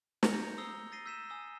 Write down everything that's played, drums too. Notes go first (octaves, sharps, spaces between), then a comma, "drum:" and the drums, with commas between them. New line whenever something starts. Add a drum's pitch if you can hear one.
A#5 G6 A#6 C#7 F7, drum: snare
A#5 D#6 E6 C7 G7
A6 A#6 C7 D#7 G7
E6 G6 B6 D#7 E7
G#5 D#6 E6 G7